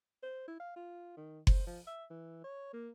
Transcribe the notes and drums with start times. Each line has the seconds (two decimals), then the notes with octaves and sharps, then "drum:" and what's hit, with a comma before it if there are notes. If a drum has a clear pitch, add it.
0.23 C5
0.48 E4
0.60 F5
0.76 F4
1.17 D#3
1.47 C5, drum: kick F#1
1.67 F3
1.87 E5
2.10 E3
2.44 C#5
2.73 A#3